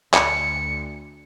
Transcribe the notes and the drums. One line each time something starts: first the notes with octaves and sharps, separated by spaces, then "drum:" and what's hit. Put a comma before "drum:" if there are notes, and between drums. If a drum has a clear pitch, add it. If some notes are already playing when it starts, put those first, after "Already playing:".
D2 C#7, drum: clap